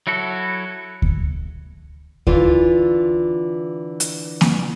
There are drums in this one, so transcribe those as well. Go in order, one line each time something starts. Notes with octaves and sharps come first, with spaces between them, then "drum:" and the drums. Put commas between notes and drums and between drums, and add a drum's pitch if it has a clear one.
F#3 E4 F#4 A4
drum: kick D2
D3 E3 F4, drum: kick D2
drum: hi-hat
drum: snare A#3